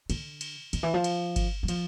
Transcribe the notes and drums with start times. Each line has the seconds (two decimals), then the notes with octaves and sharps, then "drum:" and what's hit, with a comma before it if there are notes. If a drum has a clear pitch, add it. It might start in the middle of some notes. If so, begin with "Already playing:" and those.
0.10 D3, drum: cymbal
0.41 drum: cymbal
0.73 D#3, drum: cymbal
0.83 E3
0.94 F3
1.04 drum: cymbal
1.36 drum: kick G1, cymbal
1.63 F#3
1.68 F3, drum: cymbal